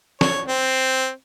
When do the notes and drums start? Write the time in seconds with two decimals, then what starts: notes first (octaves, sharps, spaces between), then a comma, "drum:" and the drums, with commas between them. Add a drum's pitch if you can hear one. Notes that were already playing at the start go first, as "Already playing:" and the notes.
0.21 C#5, drum: snare
0.48 C4